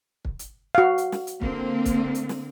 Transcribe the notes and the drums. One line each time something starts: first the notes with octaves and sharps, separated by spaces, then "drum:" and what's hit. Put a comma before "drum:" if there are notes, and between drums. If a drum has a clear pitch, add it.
drum: kick
drum: hi-hat
F#4 F5
drum: hi-hat
drum: snare
drum: hi-hat
D3 A#3 C4, drum: kick
drum: kick, hi-hat
drum: hi-hat
drum: snare